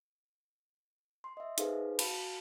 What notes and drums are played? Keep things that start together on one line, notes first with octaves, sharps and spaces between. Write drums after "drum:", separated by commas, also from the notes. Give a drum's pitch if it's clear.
C6
D#5 E5
D#4 G#4 A4 B4 C5 F5, drum: hi-hat
F#4 F5 A5 B5, drum: cymbal